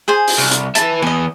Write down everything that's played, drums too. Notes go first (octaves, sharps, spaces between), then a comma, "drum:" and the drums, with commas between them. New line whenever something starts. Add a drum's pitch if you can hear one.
G#4 C5 G#5
drum: open hi-hat
C2
drum: hi-hat
B4 E5 A5, drum: hi-hat
E3 B3 D#5 G#5